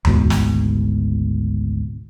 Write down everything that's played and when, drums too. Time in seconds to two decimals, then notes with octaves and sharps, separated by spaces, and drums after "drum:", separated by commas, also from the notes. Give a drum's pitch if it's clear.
0.05 G#1 D2 G#2 B2, drum: tom E2
0.30 drum: snare